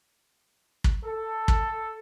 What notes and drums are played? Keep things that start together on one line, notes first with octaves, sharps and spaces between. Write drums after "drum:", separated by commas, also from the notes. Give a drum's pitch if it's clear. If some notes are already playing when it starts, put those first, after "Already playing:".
drum: kick
A4
drum: kick